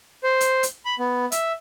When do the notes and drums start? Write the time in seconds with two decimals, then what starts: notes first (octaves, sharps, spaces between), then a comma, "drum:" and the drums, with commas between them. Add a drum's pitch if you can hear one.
0.24 C5
0.41 drum: hi-hat
0.63 drum: hi-hat
0.85 B5
0.99 B3
1.32 E5, drum: hi-hat